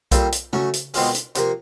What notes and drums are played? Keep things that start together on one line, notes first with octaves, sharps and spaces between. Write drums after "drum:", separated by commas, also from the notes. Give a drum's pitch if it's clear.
A#2 G3 C4 F4 A4, drum: kick B1, hi-hat
drum: hi-hat
F#3 A3 C#4, drum: tom
drum: hi-hat
B2 G#3 C4 F4 G#4, drum: open hi-hat
drum: hi-hat
C3 F3 A#3, drum: hi-hat